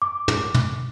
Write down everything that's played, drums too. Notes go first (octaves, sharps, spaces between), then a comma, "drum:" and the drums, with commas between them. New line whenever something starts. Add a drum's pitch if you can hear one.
D6
drum: tom
drum: tom